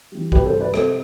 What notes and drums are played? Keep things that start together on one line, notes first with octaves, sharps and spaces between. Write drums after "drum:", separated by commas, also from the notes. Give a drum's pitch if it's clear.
E3 G3
C3 G4 B4, drum: kick
A4 C5
G3
B4 D5
C3 A4 C5, drum: rim click